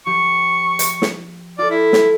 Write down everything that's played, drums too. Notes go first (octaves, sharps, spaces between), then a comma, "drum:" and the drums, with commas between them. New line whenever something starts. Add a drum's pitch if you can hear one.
F3 G4 C#6
drum: hi-hat
drum: snare
F4 A4 D5
E4
drum: snare